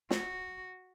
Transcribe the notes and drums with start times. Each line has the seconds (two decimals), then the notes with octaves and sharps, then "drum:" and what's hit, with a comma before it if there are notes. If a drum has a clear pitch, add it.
0.11 F#4, drum: snare